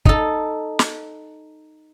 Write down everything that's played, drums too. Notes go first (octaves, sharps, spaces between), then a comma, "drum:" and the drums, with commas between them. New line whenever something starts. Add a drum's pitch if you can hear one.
D#4 A4, drum: kick
drum: snare